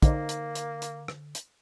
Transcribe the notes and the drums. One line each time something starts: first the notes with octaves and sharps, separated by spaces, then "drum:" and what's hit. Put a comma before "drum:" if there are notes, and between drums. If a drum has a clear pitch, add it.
D3 A#3 D#4 C5 D5, drum: kick, hi-hat
drum: hi-hat
drum: hi-hat
drum: hi-hat
drum: rim click
drum: hi-hat